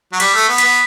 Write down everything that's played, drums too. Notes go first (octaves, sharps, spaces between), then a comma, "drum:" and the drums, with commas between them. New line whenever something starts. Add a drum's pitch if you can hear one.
F#3
G3 B6, drum: cymbal
A3 B6
B3
B6, drum: cymbal
B3